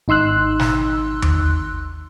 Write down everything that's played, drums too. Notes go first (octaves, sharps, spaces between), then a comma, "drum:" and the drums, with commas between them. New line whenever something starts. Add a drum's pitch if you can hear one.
G#1 D#4 C6 E6 F#6
drum: snare
drum: tom D#2